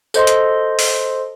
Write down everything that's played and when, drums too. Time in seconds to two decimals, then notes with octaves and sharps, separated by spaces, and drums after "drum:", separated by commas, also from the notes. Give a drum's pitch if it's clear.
0.14 A4 C5 D#5 C6, drum: tambourine
0.27 drum: hi-hat
0.79 drum: open hi-hat